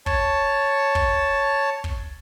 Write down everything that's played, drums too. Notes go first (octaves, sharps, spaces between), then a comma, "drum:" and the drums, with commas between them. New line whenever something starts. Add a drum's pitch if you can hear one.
C#5 A5, drum: kick
drum: kick
drum: kick